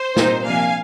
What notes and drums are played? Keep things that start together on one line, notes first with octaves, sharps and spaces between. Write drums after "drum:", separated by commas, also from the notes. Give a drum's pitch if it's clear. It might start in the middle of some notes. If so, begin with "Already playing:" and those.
Already playing: C5
A#2 G3 C4 D#4, drum: snare
C3 F3 A#3 D4 F5 G#5